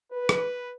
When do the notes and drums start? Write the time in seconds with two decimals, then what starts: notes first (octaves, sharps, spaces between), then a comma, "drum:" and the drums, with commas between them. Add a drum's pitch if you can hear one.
0.12 B4
0.29 drum: rim click